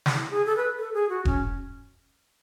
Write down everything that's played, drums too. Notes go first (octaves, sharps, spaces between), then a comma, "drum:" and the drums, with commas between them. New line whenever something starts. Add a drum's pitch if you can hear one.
drum: snare
E4
G#4
A4
B4
A4
G#4
F#4
C#4, drum: kick E1